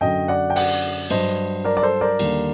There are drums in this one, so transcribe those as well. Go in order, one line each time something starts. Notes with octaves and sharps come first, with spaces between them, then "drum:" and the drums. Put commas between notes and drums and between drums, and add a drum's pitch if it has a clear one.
F#2 D3 F#3 D#5 G5
D5 F#5
G5
D5 F#5, drum: open hi-hat
G2 F#3 C5 D#5, drum: cymbal
A#4 D5
D5
A4 C5
A#4 D5
D#2 D3 G3, drum: cymbal